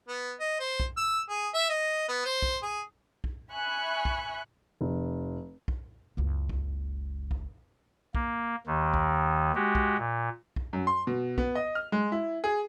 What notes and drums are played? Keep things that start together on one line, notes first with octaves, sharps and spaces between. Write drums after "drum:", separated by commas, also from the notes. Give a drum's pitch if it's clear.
B3
D#5
C5
drum: kick
E6
G#4
E5
D#5
B3
C5
drum: kick
G#4
drum: kick
E5 G#5 B5 C#6 F#6
drum: kick
F1
drum: kick
F#1 C#2
drum: kick
drum: kick
A#3, drum: kick
D#2 D#3
drum: kick
G#3 F#4 G4
drum: kick
A#2
drum: kick
F#2
C6
B2
B3, drum: kick
D#5
F6
G#3
E4
G#4